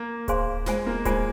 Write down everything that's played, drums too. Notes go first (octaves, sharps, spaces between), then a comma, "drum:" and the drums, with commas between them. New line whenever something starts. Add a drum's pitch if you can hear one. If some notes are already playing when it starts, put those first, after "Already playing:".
Already playing: A#3
G#4 C5 F5 G#5 C6, drum: kick D1, hi-hat
G#3 F4 C5 G#5, drum: snare E1
A#3
G#3 F4 C5 G#5, drum: kick D1, hi-hat